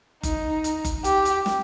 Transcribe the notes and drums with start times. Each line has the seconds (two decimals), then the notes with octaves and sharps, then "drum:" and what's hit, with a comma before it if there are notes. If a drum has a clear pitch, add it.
0.23 D#4, drum: kick F#1, hi-hat
0.64 drum: hi-hat
0.85 drum: kick F#1, hi-hat
1.04 G4, drum: hi-hat
1.25 drum: hi-hat
1.46 drum: snare